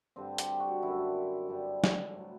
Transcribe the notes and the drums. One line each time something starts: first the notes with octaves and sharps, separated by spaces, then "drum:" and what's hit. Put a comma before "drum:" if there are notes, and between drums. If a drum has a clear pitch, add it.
G2 D3 G3 C4
G4, drum: hi-hat
F#4
F#2 D3 G3 E4
G2 D3 G3
drum: snare
A2 F#3